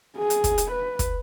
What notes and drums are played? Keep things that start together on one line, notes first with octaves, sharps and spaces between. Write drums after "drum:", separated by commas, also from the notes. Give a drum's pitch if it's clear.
G#4
drum: hi-hat
drum: kick, hi-hat
drum: hi-hat
B4
drum: kick, hi-hat